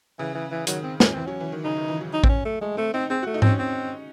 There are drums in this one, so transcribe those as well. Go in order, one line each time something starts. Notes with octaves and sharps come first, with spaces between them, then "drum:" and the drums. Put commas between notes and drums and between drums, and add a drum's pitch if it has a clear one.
C#3 E3
E3
E3
D#3 F#3, drum: hi-hat
C4
C#4, drum: snare
E3 C4
F#3 C#4
E3
D#3
C#3 D#4
D#3
E3
F#3
D#4
C4, drum: kick A1
C#4
A3
G#3 A3
A3 C4
C4 D#4
C4 G#4
F#4
A3
D#4
C4 C#4, drum: tom G#2
C4